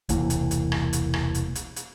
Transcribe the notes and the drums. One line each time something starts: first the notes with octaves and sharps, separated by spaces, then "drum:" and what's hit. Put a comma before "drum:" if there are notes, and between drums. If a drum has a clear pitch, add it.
E1 C2 E3 A#3, drum: hi-hat
drum: hi-hat
drum: hi-hat
drum: rim click
drum: hi-hat
drum: rim click
drum: hi-hat
drum: hi-hat
drum: hi-hat